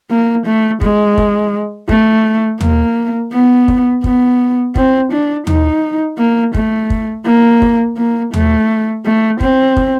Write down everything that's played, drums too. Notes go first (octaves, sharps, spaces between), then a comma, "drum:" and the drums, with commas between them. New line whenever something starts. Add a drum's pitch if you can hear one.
A#3
A3
G#3, drum: kick
drum: kick
A3, drum: kick
A#3, drum: tom D#2
B3
drum: kick
B3, drum: kick
C4, drum: kick
D4
D#4, drum: tom D#2
A#3
A3, drum: kick
drum: kick
A#3
drum: kick
A#3
A3, drum: tom D#2
A3
C4, drum: kick
drum: kick